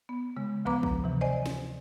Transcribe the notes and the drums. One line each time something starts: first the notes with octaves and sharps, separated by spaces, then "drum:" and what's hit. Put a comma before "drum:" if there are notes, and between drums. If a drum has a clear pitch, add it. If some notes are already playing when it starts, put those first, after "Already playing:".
B3
C#3 G#3
D2 F3 B3 B4 A#5 D6
drum: kick A#1
C3 E3
C5 D5 D#5 G#5
drum: snare